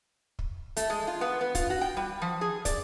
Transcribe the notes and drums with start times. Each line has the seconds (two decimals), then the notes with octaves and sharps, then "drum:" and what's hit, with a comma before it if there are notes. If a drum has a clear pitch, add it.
0.39 drum: kick
0.77 A3, drum: hi-hat
0.90 G#3
1.07 F4
1.21 B3
1.41 B3
1.55 F4, drum: kick, hi-hat
1.70 F#4
1.81 G5
1.97 G3
2.22 F3
2.41 G#4
2.65 D5, drum: kick, hi-hat